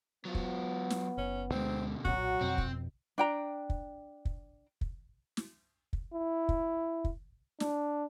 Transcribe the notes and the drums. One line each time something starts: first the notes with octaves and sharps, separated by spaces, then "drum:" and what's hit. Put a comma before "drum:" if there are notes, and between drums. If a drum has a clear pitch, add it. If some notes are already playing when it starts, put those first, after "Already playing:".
F#3 B3 F4
drum: kick
drum: snare
F#1 C#4
D2 B2 D3 G#3 C4
B1 A#2 F#3 F#4, drum: kick
F2 B2 C4
drum: kick
D4 G5 A#5
drum: kick
drum: kick
drum: kick
drum: snare
drum: kick
E4
drum: kick
drum: kick
D4, drum: snare